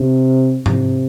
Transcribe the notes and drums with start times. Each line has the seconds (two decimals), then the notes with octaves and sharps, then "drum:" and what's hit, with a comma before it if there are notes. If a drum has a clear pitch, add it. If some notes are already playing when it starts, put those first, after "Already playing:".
Already playing: C3
0.66 C3, drum: tom G#2